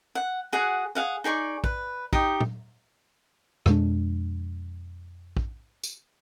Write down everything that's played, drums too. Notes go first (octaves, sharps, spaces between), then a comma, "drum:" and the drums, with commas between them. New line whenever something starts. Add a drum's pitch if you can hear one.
F#5
F#4 G#4 F#5
G#4 F5 F#5
D#4 G#4 D5 C#6
B4, drum: kick
D#4 G4 D#6, drum: kick
drum: tom A#2
F2 B2 G#3 D4, drum: rim click
drum: kick
drum: tambourine